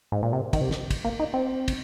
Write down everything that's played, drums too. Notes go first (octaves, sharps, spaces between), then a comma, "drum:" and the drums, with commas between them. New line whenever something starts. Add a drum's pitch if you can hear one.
G#2
A#2
C3
D#3, drum: kick, cymbal
C3
drum: snare
drum: kick, cymbal
A#3
D#4
C4
drum: kick, cymbal